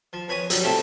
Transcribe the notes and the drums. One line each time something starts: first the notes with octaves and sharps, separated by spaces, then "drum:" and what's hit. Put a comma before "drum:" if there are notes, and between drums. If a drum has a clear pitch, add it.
F3
F2 B4 C#5 G#5 C#6 D#6
F#3 G3, drum: hi-hat
G2 C3 F3 A3 C4